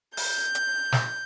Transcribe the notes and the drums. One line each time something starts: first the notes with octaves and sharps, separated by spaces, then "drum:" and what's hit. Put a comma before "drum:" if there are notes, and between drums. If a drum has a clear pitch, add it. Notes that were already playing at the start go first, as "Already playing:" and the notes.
G6, drum: open hi-hat
drum: hi-hat
drum: snare